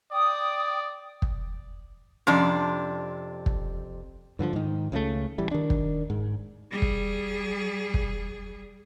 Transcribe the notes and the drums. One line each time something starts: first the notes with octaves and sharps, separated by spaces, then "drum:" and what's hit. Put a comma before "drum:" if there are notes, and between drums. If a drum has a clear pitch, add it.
D5 G5 D#6
drum: kick
F2 C3 F3 C#4 D4
drum: kick
G2 D3 D#3 F3
G#2 D#3
C#2 C#3 E3 A3
A1 E3 G3
D#3 D4
drum: kick
G#2
G3 G#4
drum: kick
drum: kick